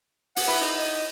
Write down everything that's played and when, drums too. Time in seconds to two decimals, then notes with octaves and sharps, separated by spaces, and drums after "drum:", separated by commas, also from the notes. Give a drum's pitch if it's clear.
0.36 F#5, drum: open hi-hat
0.48 E4 B4
0.61 D#4
0.77 D#5